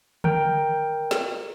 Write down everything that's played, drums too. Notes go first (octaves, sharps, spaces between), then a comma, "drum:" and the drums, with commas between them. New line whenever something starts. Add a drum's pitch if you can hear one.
A#4 G5, drum: tom D3
drum: snare